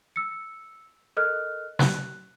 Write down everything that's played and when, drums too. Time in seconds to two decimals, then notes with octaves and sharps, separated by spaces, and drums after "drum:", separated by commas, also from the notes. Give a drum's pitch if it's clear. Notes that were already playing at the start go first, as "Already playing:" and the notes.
0.16 E6 C#7
1.17 A4 A#4 D#5 F6 F#6
1.79 F#6, drum: snare